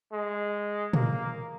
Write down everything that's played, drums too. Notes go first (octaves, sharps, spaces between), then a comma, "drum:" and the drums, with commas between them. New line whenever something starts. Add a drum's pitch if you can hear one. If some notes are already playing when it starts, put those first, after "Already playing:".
G#3
A#3, drum: tom